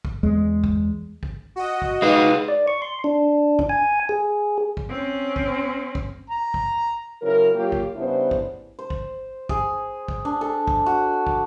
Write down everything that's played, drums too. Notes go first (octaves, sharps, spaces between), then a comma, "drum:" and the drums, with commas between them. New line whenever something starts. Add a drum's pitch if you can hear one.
drum: kick
E2 G#3
drum: kick
drum: kick
F#4 D#5
drum: kick
D#4 G#4 B4 F5
D5
C#6
C6
D4
drum: kick
G#5
G#4
drum: kick
C4 C#4
drum: kick
drum: kick
A#5
drum: kick
C#3 F#3 E4 A#4
F#3 A#3 F4 G4
drum: kick
C#3 G3 B3 D4 E4 C5
drum: kick
C5
drum: kick
G#4, drum: kick
drum: kick
D4
A4
drum: kick
F#4
drum: kick